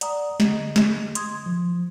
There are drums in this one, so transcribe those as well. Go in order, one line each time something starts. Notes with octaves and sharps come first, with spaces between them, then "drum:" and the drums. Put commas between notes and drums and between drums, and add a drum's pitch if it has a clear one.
D5 F#5 A#5 D#6, drum: hi-hat
D3 D#5, drum: snare
drum: snare
C6 D#6 G#6, drum: hi-hat
F3